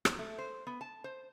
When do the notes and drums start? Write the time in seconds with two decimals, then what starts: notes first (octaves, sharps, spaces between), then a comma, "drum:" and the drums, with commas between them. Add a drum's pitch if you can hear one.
0.05 F#3, drum: rim click
0.19 A3
0.38 C5
0.67 B3
0.81 A5
1.04 C5